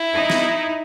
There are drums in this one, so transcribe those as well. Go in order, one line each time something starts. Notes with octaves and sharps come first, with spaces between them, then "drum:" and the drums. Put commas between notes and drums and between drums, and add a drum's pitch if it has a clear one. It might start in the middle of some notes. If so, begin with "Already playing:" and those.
Already playing: E4
D#4
drum: snare